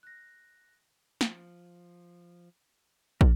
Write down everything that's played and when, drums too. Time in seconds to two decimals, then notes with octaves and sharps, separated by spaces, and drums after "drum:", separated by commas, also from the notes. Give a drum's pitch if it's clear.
0.03 F#6 A#6
1.21 F3, drum: snare
3.21 A#4 D5, drum: kick